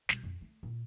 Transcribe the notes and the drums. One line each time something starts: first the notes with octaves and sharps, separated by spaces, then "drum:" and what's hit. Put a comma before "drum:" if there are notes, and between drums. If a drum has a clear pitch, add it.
B2 G3, drum: snare
F2
A3
A#2